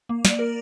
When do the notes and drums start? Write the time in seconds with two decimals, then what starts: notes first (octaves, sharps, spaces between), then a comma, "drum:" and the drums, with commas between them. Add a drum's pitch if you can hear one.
0.09 A#3
0.25 D5, drum: snare
0.39 A#4